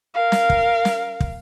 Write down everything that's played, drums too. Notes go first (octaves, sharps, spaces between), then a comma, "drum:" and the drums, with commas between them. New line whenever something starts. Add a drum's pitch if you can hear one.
A#4 F5
drum: snare
drum: kick
drum: snare
drum: kick